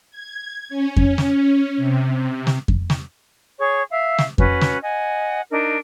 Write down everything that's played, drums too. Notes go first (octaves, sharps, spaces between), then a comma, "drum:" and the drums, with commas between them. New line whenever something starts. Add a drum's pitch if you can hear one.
G#6
C#4
drum: kick F2
drum: snare
C3
drum: snare
drum: kick F2
drum: snare
G#4 C#5 C#6
E5 F5
drum: snare
C#4 F#4 B4, drum: kick F2
drum: snare
D#5 F#5 G#5
D4 D#4 A#4